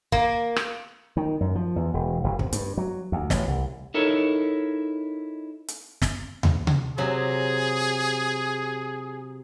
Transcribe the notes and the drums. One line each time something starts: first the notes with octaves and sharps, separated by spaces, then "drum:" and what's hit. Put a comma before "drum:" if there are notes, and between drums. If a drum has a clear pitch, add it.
A#3, drum: kick
drum: rim click
D#3
F#2
F3
E2
E1
F#1
C3, drum: kick
G2, drum: hi-hat
F#3
D2
A1, drum: snare
C2
D#4 E4 A4 A#4 C#5
drum: hi-hat
drum: snare
drum: tom D#2
drum: tom C3
C3 F#3 G#4